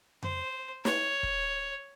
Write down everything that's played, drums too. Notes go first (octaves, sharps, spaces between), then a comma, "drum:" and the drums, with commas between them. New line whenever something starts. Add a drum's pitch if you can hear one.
C5, drum: tom F2
C#5, drum: snare
drum: kick